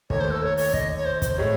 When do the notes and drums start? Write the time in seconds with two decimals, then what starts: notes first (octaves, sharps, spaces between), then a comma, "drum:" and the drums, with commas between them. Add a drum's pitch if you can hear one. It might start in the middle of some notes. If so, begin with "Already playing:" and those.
0.10 D#2 D#3 A3 D#4 C#5, drum: kick
0.20 C5
0.31 A4
0.42 C#5
0.57 C#5, drum: open hi-hat
0.73 D#5, drum: kick
0.97 C#5
1.05 C5
1.22 C5, drum: kick, hi-hat
1.37 A2 G#3 C#5